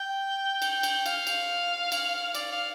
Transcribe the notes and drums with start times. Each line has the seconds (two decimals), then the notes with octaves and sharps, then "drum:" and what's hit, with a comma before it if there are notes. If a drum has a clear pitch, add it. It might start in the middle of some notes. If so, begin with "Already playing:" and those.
Already playing: G5
0.62 drum: cymbal
0.83 drum: cymbal
1.06 F5, drum: cymbal
1.27 drum: cymbal
1.92 drum: cymbal
2.35 D5, drum: cymbal
2.51 F5